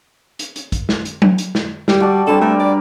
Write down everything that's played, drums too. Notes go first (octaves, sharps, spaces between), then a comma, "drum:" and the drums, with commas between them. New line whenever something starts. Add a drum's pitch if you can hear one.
drum: hi-hat
drum: hi-hat
drum: kick, hi-hat
drum: snare
drum: hi-hat
drum: tom F#3
drum: hi-hat
drum: snare
G3 G4, drum: snare
F#4 A4 D5
D3 G3 C4 A4
A3 G4 A#4 B4
D5